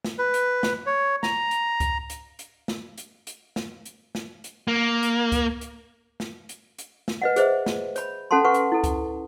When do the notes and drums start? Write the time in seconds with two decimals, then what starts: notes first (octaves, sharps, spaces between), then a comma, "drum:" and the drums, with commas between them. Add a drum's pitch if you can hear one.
0.05 drum: snare
0.19 B4
0.34 drum: hi-hat
0.63 drum: snare
0.86 C#5
1.23 A#5, drum: snare
1.51 drum: hi-hat
1.80 drum: kick C#2, hi-hat
2.10 drum: hi-hat
2.39 drum: hi-hat
2.68 drum: snare
2.98 drum: hi-hat
3.27 drum: hi-hat
3.56 drum: snare
3.85 drum: hi-hat
4.15 drum: snare
4.44 drum: hi-hat
4.68 A#3
5.03 drum: hi-hat
5.32 drum: kick C#2, hi-hat
5.61 drum: hi-hat
6.20 drum: snare
6.49 drum: hi-hat
6.78 drum: hi-hat
7.08 drum: snare
7.22 B4 D#5 F#5
7.36 G#4 C5 D#5 E5, drum: hi-hat
7.66 drum: snare
7.96 C#5 B5, drum: hi-hat
8.31 C#4 A4 F#5 A5 C6
8.44 B4 F#5 C#6
8.54 drum: hi-hat
8.72 E4 A4
8.84 drum: kick C#2, hi-hat